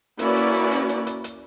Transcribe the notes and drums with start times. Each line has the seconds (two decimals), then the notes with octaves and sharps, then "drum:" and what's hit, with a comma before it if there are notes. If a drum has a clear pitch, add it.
0.19 A#3 C#4 E4 F#4 B4 D5, drum: hi-hat
0.36 drum: hi-hat
0.54 drum: hi-hat
0.72 drum: hi-hat
0.89 drum: hi-hat
1.07 drum: hi-hat
1.24 drum: hi-hat